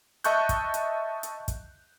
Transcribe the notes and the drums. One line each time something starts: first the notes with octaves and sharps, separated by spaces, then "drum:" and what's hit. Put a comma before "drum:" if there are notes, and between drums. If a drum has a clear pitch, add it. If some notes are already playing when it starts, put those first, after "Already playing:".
D#5 E5 A5 C#6 F#6 G6, drum: hi-hat
drum: kick, hi-hat
drum: hi-hat
drum: hi-hat
drum: kick, hi-hat